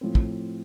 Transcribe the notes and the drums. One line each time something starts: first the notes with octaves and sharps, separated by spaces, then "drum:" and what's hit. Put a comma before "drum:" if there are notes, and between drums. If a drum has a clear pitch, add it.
A2 F3 C4
drum: kick